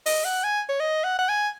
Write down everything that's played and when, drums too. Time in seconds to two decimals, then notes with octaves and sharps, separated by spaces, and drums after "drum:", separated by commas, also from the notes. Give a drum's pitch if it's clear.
0.06 D#5, drum: open hi-hat
0.25 F#5
0.44 G#5
0.69 C#5
0.80 D#5
1.04 F#5
1.19 F#5
1.29 G#5